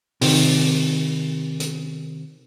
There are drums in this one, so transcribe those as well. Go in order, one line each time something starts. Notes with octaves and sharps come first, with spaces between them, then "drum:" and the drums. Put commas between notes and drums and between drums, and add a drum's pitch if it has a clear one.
C3 D#3, drum: open hi-hat
drum: hi-hat